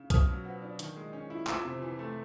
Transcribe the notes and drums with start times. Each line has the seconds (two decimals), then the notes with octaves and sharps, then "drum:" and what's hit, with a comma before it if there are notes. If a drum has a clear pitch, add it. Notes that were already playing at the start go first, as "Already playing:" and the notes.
Already playing: C#3
0.10 B2 D#6 F6, drum: kick C2, hi-hat
0.28 F#3
0.45 B3
0.62 D4
0.79 D#3, drum: hi-hat
0.96 G#3
1.13 C#4
1.30 E4
1.47 F2 D6 E6, drum: clap
1.65 C3
1.82 E3
1.99 A3